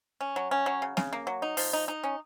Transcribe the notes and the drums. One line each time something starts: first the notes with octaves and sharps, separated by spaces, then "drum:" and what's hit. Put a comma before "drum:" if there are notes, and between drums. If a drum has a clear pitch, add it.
C#4
F#3
C#4
F#3
C#3
C#3, drum: snare
A#3
F#3
D#4
F3, drum: open hi-hat
D#4
D#4
C#4